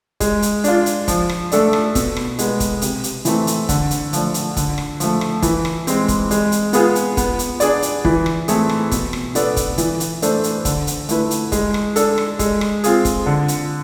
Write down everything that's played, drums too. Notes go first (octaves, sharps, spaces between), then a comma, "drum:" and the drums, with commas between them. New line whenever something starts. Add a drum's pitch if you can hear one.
G#3, drum: kick, hi-hat
drum: hi-hat
D4 F4, drum: hi-hat
drum: hi-hat
F3, drum: kick, hi-hat
drum: rim click
A3 D4 A4 D5, drum: hi-hat
drum: rim click
B2, drum: kick, hi-hat
drum: rim click
G#3 B3, drum: hi-hat
drum: kick, hi-hat
C3, drum: hi-hat
drum: hi-hat
E3 A3 C4, drum: hi-hat
drum: hi-hat
D3, drum: kick, hi-hat
drum: hi-hat
F3 A3 D4, drum: hi-hat
drum: hi-hat
D3, drum: kick, hi-hat
drum: rim click
F3 A3, drum: hi-hat
drum: rim click
E3, drum: kick, hi-hat
drum: rim click
G#3 C4, drum: hi-hat
drum: kick, hi-hat
G#3, drum: hi-hat
drum: hi-hat
B3 F4 G#4, drum: hi-hat
drum: hi-hat
B3, drum: kick, hi-hat
drum: hi-hat
D4 G#4 D5, drum: hi-hat
drum: hi-hat
E3, drum: kick
drum: rim click
A3 C4 G#4, drum: hi-hat
drum: rim click
B2, drum: kick, hi-hat
drum: rim click
B3 D4 A4 D5, drum: hi-hat
drum: kick, hi-hat
E3, drum: hi-hat
drum: hi-hat
A3 D4 A4 C5, drum: hi-hat
drum: hi-hat
D3, drum: kick, hi-hat
drum: hi-hat
A3 E4 B4, drum: hi-hat
drum: hi-hat
G#3, drum: kick, hi-hat
drum: rim click
D4 A4, drum: hi-hat
drum: rim click
G#3, drum: kick, hi-hat
drum: rim click
C4 F4 G#4, drum: hi-hat
drum: kick, hi-hat
D3
drum: hi-hat